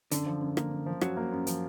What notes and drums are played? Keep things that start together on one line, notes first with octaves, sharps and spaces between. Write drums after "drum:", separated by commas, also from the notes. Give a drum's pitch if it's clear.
F#2 D3, drum: hi-hat
F3
F#2
A#3, drum: rim click
F#2
F3
F#2 F#3, drum: rim click
A#3
F#2
F3, drum: hi-hat